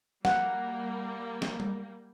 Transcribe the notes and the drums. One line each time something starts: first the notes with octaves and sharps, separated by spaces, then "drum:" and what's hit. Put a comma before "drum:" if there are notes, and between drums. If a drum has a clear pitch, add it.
G3 A#3 F#5, drum: snare
drum: snare
drum: tom G3